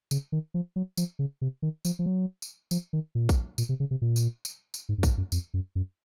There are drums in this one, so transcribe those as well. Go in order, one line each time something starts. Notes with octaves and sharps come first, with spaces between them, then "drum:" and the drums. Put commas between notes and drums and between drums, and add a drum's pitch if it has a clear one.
C#3, drum: tambourine
D#3
F3
F#3
F3, drum: tambourine
C#3
C3
D#3
F3, drum: tambourine
F3
F#3
drum: tambourine
F3, drum: tambourine
D#3
A#2
drum: kick, tambourine
A#2, drum: tambourine
C3
C#3
C3
A#2
drum: tambourine
drum: tambourine
drum: tambourine
G#2
F#2
G#2, drum: kick, tambourine
F#2
F2, drum: tambourine
F#2
F#2